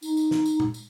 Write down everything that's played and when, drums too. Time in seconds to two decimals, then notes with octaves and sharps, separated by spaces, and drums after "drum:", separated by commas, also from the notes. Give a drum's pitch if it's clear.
0.02 D#4, drum: tambourine
0.17 drum: tambourine
0.31 drum: snare
0.45 drum: tambourine
0.60 drum: tom A#2
0.74 drum: tambourine